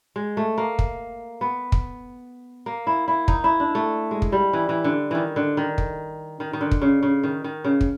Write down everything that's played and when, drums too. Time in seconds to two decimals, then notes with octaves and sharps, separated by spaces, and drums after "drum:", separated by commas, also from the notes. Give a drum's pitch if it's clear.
0.16 G#3
0.37 A3
0.58 A#3
0.79 drum: kick
1.41 B3
1.72 drum: kick
2.66 A#3
2.87 E4
3.08 E4
3.28 D#4, drum: kick
3.44 E4
3.60 D4
3.75 A3
4.11 G#3
4.22 drum: kick
4.32 G3
4.53 E3
4.69 E3
4.84 D3
5.11 D#3 E3
5.36 D3
5.57 D#3
5.78 drum: kick
6.40 D#3
6.53 D#3
6.61 D3
6.71 drum: kick
6.82 C#3
7.03 C#3
7.24 D#3
7.44 D#3
7.64 C#3
7.81 drum: kick